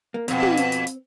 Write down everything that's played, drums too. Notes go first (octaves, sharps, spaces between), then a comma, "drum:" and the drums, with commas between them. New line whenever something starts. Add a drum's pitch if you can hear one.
A#3
F2 B2 C4, drum: hi-hat
drum: tom
drum: hi-hat
drum: hi-hat
drum: hi-hat